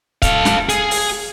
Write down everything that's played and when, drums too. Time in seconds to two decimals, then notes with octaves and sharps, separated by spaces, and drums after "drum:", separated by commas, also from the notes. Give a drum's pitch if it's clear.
0.22 A4 F5, drum: kick C#1, hi-hat
0.45 drum: snare
0.69 G#4, drum: hi-hat
0.91 drum: open hi-hat